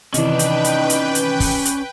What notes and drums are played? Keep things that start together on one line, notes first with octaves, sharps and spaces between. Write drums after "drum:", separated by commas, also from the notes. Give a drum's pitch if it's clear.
C3 D#3 E3 C#4 D#4 B4 D5 G5, drum: hi-hat
drum: hi-hat
drum: hi-hat
drum: hi-hat
drum: hi-hat
drum: kick, open hi-hat
drum: hi-hat